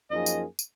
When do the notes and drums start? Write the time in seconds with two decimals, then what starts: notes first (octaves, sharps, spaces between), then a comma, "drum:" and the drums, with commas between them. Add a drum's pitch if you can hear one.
0.10 F#2 F3 A#3 D#4 G#4 D#5
0.26 drum: tambourine
0.59 drum: tambourine